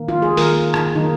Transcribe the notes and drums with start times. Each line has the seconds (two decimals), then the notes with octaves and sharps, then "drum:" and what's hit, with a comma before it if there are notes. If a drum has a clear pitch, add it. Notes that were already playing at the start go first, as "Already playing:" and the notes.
Already playing: D#3 A#3
0.09 F4
0.22 G#4
0.37 D#3 A#3 A#4, drum: open hi-hat
0.74 drum: rim click
0.95 D#3 A#3 D#4